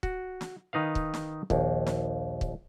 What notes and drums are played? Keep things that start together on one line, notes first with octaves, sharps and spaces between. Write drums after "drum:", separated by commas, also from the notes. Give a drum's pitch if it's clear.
F#4, drum: kick
drum: snare
D#3 D#4 B4 F5
drum: kick
drum: snare
A#1 D#2, drum: kick
drum: snare
drum: kick